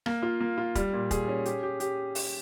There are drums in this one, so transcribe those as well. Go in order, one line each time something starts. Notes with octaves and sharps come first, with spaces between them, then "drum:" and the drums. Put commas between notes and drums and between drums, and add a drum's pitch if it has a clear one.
A#3, drum: rim click
F4
A#3
F4
G3, drum: kick, hi-hat
A#2
G#4, drum: kick, hi-hat
C#4
G4, drum: hi-hat
G4
G4, drum: hi-hat
drum: open hi-hat